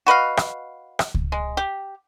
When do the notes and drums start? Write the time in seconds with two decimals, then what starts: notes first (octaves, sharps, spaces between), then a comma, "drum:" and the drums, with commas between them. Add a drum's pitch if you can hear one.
0.07 F#4 B4 D#5 F5
0.37 drum: rim click
0.99 drum: rim click
1.14 drum: kick C#2
1.32 G#3
1.57 G4